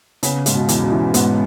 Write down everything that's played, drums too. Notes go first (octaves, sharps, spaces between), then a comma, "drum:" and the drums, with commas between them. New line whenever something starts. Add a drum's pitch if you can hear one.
C#3 B3, drum: hi-hat
G#2 C#3, drum: hi-hat
B2
E2, drum: hi-hat
B2
E3
G#2 B3, drum: hi-hat